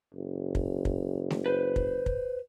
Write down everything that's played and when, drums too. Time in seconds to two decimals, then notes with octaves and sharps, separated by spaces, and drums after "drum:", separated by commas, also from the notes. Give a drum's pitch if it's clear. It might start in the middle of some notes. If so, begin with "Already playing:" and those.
0.15 F#1
0.55 drum: kick
0.85 drum: kick
1.30 drum: snare A3
1.46 B4 C5
1.76 drum: kick
2.06 drum: kick